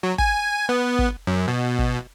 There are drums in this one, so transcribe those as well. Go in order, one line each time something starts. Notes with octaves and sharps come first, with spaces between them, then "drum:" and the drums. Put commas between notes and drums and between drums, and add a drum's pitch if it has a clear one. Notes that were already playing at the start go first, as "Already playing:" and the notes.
F#3
G#5, drum: kick
B3
drum: kick
F#2
B2
drum: kick